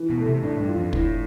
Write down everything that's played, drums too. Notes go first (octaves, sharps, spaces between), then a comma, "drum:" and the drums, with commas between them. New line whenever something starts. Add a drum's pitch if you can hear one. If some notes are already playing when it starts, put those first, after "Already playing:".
Already playing: E3
B2
A3
C3
A2 D4
G2
F4
F2
A2 E3, drum: kick